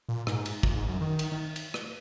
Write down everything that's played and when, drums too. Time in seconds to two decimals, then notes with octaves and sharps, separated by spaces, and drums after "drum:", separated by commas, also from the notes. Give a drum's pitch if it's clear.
0.09 A#2
0.27 G#2, drum: rim click
0.46 drum: cymbal
0.63 A#2, drum: kick
0.76 G#2
0.88 F#2
1.01 D#3
1.19 drum: cymbal
1.32 D#3
1.56 drum: cymbal
1.74 drum: rim click